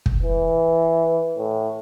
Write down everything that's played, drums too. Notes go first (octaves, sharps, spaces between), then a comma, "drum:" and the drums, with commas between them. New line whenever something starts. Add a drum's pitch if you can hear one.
drum: kick
E3
A2